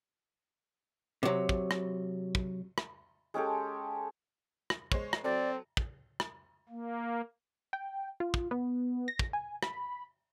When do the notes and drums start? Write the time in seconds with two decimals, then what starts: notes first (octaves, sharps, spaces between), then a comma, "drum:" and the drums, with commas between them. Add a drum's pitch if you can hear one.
1.23 C3 F#3
1.49 drum: kick
1.71 drum: rim click
2.35 drum: kick
2.78 drum: rim click
3.34 G#3 C#4 G4 A4
4.70 drum: rim click
4.92 G#3 C5 C#5, drum: kick
5.13 drum: rim click
5.24 F#3 C4 A4 D5
5.77 drum: kick
6.20 drum: rim click
6.69 A#3
7.73 G5
8.20 F4
8.34 drum: kick
8.51 B3
9.08 A#6
9.19 drum: kick
9.33 G#5
9.63 B5, drum: rim click